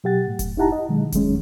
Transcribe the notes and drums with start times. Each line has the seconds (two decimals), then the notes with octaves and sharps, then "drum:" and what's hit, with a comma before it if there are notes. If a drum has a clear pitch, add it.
0.04 B2 F#3 G4 F#5 A6
0.28 A2
0.39 drum: kick F1, hi-hat
0.57 D#4 E4 G4 F#5 A5 A#5
0.72 D#5
0.88 B2 D#3 F#3 G#3
1.12 D#2 D#3 F#3 G#3 C#4, drum: kick F1, hi-hat